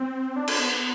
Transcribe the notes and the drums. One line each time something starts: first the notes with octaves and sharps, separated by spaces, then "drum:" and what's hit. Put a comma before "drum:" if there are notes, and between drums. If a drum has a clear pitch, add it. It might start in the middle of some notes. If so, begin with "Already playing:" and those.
Already playing: C4
D4
D4, drum: cymbal
B3
B3